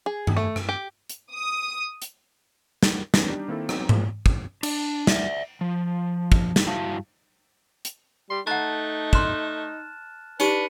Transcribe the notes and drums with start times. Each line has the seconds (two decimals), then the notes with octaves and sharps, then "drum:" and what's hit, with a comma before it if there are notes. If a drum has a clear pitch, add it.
0.06 G#4
0.27 drum: tom G2
0.37 A3
0.56 drum: rim click
0.69 G4
1.09 drum: hi-hat
1.33 D#6
2.02 drum: hi-hat
2.83 drum: snare
3.14 D#3 E3 B3 C#4, drum: snare
3.28 G3 D4 D#4 G4
3.48 D#3 A#3 C4 E4 A4
3.69 F#3 B3 C4 D#4, drum: rim click
3.89 F3 G#3 A#3, drum: tom G#2
4.26 drum: kick
4.63 D4, drum: cymbal
5.07 D5 E5, drum: snare
5.61 F3
6.32 drum: kick
6.56 drum: snare
6.67 G2 E4 F#4 F5 A5
7.85 drum: hi-hat
8.30 G3 C6
8.47 A3 D#4 F#5 A5 A#5 F#6 A6
9.13 D5 C6 F6 F#6 E7, drum: kick
10.40 D4 D#4 G4 B4 C#7 D#7, drum: tambourine